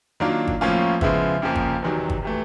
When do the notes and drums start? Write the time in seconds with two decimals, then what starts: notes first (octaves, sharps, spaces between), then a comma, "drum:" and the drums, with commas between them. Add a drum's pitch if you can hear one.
0.20 D#3 F#3 A#3 D4 F4
0.47 drum: kick
0.61 A2 F3 A#3 C#4 F4
1.01 C#3 F3 G#3 B3 E4, drum: kick
1.42 F2 C#3 F3 A#3
1.56 drum: kick
1.82 E2 C3 D#3 F#3
2.10 drum: kick
2.23 C3 E3 A3